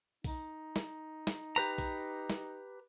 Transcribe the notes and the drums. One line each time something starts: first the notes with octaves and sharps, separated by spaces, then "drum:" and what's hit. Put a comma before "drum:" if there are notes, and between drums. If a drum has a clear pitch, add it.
D#4, drum: kick, open hi-hat
drum: snare
drum: snare
G4 B4 A#5
drum: kick, open hi-hat
drum: snare